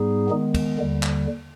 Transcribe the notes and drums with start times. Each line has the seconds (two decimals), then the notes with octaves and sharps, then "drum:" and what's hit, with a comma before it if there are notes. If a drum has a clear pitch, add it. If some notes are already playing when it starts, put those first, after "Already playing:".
Already playing: G#2 G3 B3 D#4 G#4
0.30 D#3 G#3 B3
0.54 drum: kick, cymbal
0.79 D#2 D3 G3
1.03 drum: clap